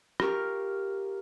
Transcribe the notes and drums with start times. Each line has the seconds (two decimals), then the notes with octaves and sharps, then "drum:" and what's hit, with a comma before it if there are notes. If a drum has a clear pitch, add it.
0.20 F4 G4 A#4 C#6 F6, drum: rim click